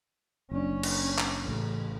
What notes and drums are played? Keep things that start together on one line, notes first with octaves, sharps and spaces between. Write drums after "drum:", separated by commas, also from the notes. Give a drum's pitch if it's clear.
F#1 C#4 D4
drum: cymbal
drum: clap
A1 C#3